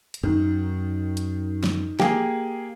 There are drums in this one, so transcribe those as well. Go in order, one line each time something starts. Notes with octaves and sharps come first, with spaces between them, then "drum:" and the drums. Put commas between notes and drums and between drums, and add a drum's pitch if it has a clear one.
drum: hi-hat
F#2 D#3
drum: hi-hat
drum: snare
A#3 G4 G#4, drum: snare